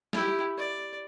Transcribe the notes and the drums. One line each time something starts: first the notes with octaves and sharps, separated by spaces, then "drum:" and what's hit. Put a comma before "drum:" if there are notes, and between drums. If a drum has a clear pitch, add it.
E4 G4, drum: snare
D5